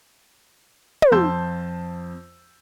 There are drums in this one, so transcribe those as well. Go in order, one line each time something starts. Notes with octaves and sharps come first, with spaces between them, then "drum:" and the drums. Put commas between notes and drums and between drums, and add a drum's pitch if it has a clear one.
drum: tom
F2 F3 A5 C6 E6 G6